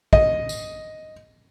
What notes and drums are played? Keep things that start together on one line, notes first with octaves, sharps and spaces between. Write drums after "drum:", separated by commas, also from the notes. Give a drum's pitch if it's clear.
D#5, drum: kick
drum: tambourine